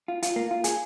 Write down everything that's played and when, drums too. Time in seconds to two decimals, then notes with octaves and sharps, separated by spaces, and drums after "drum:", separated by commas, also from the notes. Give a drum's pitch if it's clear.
0.08 F4
0.23 F4, drum: hi-hat
0.36 A#3
0.51 F4
0.64 G#4, drum: hi-hat